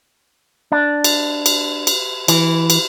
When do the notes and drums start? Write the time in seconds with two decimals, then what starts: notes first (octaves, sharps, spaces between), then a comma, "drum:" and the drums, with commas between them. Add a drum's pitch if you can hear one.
0.72 D4
1.04 drum: cymbal
1.46 drum: cymbal
1.87 drum: cymbal
2.28 E3, drum: cymbal
2.70 drum: cymbal